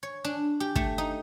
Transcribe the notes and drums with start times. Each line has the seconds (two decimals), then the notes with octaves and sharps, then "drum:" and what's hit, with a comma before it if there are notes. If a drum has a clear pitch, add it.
0.03 C#5
0.24 D4
0.60 G4
0.76 A3, drum: kick
0.98 D#4